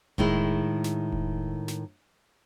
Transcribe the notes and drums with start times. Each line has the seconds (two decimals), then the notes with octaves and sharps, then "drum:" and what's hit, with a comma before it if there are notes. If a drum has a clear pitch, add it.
0.18 A2 D#3 G#3 E4, drum: kick E1
0.84 drum: snare
1.12 drum: kick E1
1.68 drum: snare